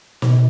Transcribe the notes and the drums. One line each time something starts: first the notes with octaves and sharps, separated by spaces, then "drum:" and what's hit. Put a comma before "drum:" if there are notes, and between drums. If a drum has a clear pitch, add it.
B2, drum: snare